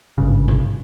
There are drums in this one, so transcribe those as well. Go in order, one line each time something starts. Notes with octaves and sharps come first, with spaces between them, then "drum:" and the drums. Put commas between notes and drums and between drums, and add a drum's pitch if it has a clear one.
G#1 G2 C#3
drum: tom B2